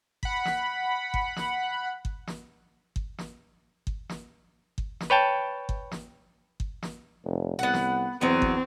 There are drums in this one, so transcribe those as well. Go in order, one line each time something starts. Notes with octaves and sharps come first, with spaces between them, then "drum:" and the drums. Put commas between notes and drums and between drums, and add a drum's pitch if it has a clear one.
F#5 B5, drum: kick G1
drum: snare
drum: kick G1
drum: snare
drum: kick G1
drum: snare
drum: kick G1
drum: snare
drum: kick G1
drum: snare
drum: kick G1
drum: snare
B4 C#5 G5 A5
drum: kick G1
drum: snare
drum: kick G1
drum: snare
F1
C2 B3 F#5
drum: snare
E2 F#3 B3 C4
drum: kick G1